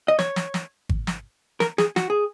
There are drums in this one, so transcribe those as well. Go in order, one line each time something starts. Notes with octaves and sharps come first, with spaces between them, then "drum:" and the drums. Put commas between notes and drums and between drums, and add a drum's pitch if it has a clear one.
D#5
C#5, drum: snare
drum: snare
drum: snare
drum: kick G#1
drum: snare
A#4, drum: snare
G#4, drum: snare
F#4, drum: snare
G#4